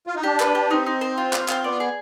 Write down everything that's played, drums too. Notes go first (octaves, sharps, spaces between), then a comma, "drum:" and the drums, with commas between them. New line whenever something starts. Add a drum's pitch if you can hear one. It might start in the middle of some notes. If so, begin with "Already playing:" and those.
F4
D#4
D4 G4
B4, drum: clap
G4
C4 D#4
D#4
C5
F4
F5, drum: clap
F4, drum: clap
B3 D5
G#4